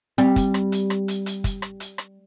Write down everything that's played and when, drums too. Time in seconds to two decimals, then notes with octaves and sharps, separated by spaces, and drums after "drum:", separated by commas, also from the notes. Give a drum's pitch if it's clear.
0.18 G3 C4
0.36 drum: kick, hi-hat
0.54 drum: rim click
0.72 drum: hi-hat
0.90 drum: rim click
1.08 drum: hi-hat
1.26 drum: hi-hat
1.44 drum: kick, hi-hat
1.62 drum: rim click
1.80 drum: hi-hat
1.98 drum: rim click